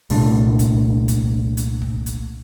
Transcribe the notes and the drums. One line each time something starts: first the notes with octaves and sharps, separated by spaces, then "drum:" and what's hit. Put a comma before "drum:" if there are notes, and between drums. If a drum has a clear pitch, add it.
C2 A#2 A3 D4, drum: open hi-hat
drum: kick, hi-hat
drum: kick, hi-hat
drum: hi-hat
drum: kick
drum: hi-hat